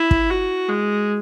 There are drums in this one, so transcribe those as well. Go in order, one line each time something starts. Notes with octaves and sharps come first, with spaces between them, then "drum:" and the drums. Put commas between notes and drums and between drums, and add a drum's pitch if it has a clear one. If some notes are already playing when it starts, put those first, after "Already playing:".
Already playing: E4
drum: kick
F#4
G#3